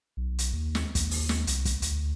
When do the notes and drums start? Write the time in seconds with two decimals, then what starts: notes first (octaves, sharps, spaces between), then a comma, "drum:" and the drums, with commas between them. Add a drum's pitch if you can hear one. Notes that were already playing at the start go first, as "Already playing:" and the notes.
0.17 B1
0.39 drum: hi-hat
0.53 D#2
0.75 drum: snare
0.95 D#2, drum: kick, hi-hat
1.11 drum: open hi-hat
1.29 drum: snare
1.47 C2, drum: hi-hat
1.65 drum: kick, hi-hat
1.82 D2, drum: hi-hat